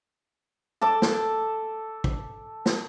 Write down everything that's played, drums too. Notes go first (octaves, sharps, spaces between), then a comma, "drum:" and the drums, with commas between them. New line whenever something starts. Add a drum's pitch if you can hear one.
A4 A5 D6
drum: snare
drum: kick
drum: snare